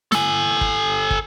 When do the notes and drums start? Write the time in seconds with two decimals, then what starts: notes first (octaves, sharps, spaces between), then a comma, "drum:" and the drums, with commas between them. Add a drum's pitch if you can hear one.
0.12 A4 G#5, drum: snare
0.61 drum: kick
1.11 drum: kick